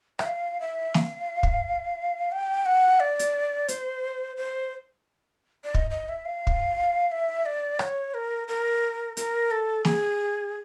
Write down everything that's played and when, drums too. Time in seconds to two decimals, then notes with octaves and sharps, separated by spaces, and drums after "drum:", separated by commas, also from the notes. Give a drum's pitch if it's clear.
0.19 E5, drum: rim click
0.26 F5
0.60 E5
0.94 F5, drum: snare
1.43 drum: kick
2.32 G5
2.66 F#5
3.00 D5
3.19 drum: hi-hat
3.68 C5, drum: hi-hat
4.37 C5
5.64 D5
5.74 D#5, drum: kick
5.91 D#5
6.09 E5
6.25 F5
6.47 drum: kick
7.12 E5
7.46 D5
7.79 C#5, drum: rim click
8.14 A#4
8.48 A#4
9.17 A#4, drum: hi-hat
9.51 A4
9.85 G#4, drum: snare